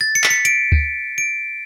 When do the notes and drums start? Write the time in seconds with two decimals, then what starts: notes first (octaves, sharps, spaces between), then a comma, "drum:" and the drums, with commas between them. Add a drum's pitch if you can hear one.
0.01 A6
0.15 C#7
0.24 B6, drum: clap
0.30 C#7
0.45 D7, drum: hi-hat
0.72 drum: kick
1.18 D7